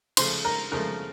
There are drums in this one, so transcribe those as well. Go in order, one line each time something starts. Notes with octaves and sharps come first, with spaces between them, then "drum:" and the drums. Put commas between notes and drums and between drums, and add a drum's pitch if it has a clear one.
C#3 F3 A3 C5 C6, drum: cymbal
A#4 A#5
C#3 F3 A3 A#4 A#5